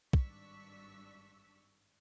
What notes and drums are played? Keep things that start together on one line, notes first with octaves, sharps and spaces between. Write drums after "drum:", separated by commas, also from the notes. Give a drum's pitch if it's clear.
G#1 G2 D4 C#6 E6 B6, drum: kick